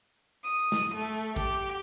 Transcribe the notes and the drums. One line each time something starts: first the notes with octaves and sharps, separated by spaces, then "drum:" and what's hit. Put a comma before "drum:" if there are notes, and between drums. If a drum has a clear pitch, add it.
D#6
drum: snare
A3
G4, drum: kick